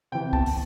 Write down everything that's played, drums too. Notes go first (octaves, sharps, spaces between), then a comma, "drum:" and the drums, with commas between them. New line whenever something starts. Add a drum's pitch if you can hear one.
C3 E3 G5
E2 A5, drum: kick
drum: open hi-hat